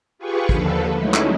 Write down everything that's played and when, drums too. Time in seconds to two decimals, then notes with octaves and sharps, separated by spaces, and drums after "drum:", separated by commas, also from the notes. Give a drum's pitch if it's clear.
0.18 F4 G4 G#4 B4 C#6
0.49 D#2 D3 F3 A4 B4, drum: kick
0.96 F#3 G#3 A3 C#4 D#4 E4
1.14 drum: clap